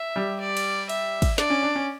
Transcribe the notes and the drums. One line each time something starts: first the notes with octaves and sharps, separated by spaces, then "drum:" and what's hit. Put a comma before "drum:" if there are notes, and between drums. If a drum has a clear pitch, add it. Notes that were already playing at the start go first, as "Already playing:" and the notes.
Already playing: E5
G3 G4
D5
drum: cymbal
E5, drum: cymbal
drum: kick, cymbal
D4 D5, drum: snare
C#4
D4
C#4